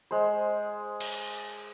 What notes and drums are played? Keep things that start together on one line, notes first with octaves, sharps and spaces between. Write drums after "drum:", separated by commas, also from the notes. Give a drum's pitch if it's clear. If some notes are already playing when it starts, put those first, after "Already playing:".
G#3 C5
drum: cymbal